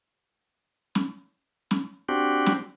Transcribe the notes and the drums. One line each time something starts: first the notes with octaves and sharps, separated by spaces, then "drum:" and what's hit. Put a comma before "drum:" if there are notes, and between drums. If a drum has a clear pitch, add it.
drum: snare
drum: snare
C4 D4 F#4 G4
drum: snare